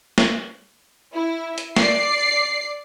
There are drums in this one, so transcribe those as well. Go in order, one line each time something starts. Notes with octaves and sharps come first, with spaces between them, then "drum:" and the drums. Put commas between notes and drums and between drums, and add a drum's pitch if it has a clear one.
drum: snare
E4
drum: hi-hat
D5 C7, drum: snare